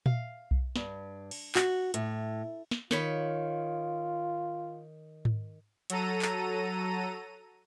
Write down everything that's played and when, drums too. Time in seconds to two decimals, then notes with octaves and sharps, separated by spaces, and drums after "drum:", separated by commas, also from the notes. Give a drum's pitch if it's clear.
0.06 F5, drum: tom A#2
0.51 drum: kick B1
0.76 G2, drum: snare
1.31 drum: cymbal
1.55 F#4, drum: clap
1.94 A2, drum: hi-hat
2.71 drum: snare
2.91 D#3 F4 C#5 B5, drum: snare
5.25 drum: tom G#2
5.90 F#3 A4 A#5 D#7, drum: hi-hat
6.22 drum: clap